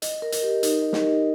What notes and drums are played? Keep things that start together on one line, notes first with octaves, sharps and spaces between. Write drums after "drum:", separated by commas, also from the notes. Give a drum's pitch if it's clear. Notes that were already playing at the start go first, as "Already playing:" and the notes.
D#5, drum: hi-hat
A#4
drum: hi-hat
G4
D#4, drum: hi-hat
D#5
drum: snare
A#4